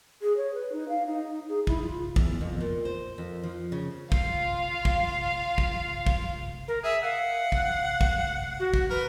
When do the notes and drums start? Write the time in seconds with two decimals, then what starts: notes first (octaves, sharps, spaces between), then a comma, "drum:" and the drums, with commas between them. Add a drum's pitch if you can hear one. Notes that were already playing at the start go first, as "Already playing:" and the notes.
0.22 G#4
0.37 C#5
0.54 B4
0.72 D#4
0.89 F5
1.07 D#4
1.49 G#4
1.67 E4, drum: kick
1.84 F4
2.16 E2, drum: kick
2.41 F2
2.61 A#2
2.85 C5
3.18 F2
3.43 F3
3.72 C#3
4.12 F4 F5, drum: kick
4.85 drum: kick
5.58 drum: kick
6.07 drum: kick
6.68 A#4
6.84 G#4 E5
7.03 F5 F#5
7.52 drum: kick
8.01 drum: kick
8.59 F#4
8.74 drum: kick
8.90 A#4 B4